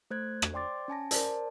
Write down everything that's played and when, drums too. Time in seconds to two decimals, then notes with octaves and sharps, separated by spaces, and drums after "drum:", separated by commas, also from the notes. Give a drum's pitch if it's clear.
0.11 A3 C5 F#6 G#6
0.42 drum: rim click
0.53 C5 D5 G5 C6 D6 A6
0.88 C#4 G#5 A5 A#6
1.11 A#4 C5 D5 A5, drum: hi-hat